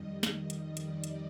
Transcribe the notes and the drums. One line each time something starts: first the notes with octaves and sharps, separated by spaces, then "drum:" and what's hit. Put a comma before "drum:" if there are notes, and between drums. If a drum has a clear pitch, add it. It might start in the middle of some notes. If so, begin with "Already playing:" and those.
Already playing: F2 D#3 G3 D#5
drum: snare
drum: hi-hat
D5
drum: hi-hat
drum: hi-hat